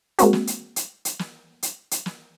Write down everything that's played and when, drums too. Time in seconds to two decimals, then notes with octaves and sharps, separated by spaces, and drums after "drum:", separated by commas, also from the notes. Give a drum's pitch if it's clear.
0.19 G#3 A#3 C4 F#4, drum: hi-hat
0.33 drum: snare
0.47 drum: hi-hat
0.76 drum: hi-hat
1.05 drum: hi-hat
1.19 drum: snare
1.63 drum: hi-hat
1.91 drum: hi-hat
2.06 drum: snare